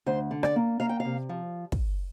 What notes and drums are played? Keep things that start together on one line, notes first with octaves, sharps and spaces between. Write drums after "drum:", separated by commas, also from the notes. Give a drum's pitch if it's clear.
D2 C5
D3
D5, drum: rim click
A#3
A#3 F5
G5
F5
C3
F3
drum: kick